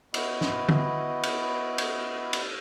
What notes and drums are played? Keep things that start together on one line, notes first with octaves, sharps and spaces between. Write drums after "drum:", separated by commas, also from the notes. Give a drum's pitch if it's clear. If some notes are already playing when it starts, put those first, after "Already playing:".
B3 E4 F#4 D#5, drum: cymbal
drum: snare
drum: tom
drum: cymbal
drum: cymbal
drum: cymbal